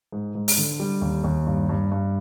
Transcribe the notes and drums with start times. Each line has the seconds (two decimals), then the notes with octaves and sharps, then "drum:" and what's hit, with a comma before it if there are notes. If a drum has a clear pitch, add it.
0.12 G#2
0.35 G#2
0.48 drum: open hi-hat
0.58 D3
0.80 G3
1.02 D#2
1.24 D#2
1.47 G2
1.69 G2
1.92 G2